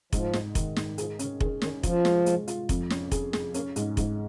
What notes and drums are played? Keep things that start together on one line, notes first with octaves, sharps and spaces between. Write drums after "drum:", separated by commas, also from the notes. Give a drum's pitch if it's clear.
G#2 F3, drum: kick F1, hi-hat
G#2, drum: snare
D#3, drum: kick F1, hi-hat
G#2, drum: snare
F3 G#4, drum: hi-hat
C#3 C#4, drum: hi-hat
D#3 G#4, drum: kick F1
D#3 C#4, drum: snare
F3 F4, drum: kick F1, hi-hat
G#3, drum: snare
G#3, drum: hi-hat
F4, drum: hi-hat
F2, drum: kick F1, hi-hat
C#4, drum: snare
G#4, drum: kick F1, hi-hat
G#4, drum: snare
A#3 C#4, drum: hi-hat
G#2 G#3, drum: hi-hat
G#2 F3, drum: kick F1, hi-hat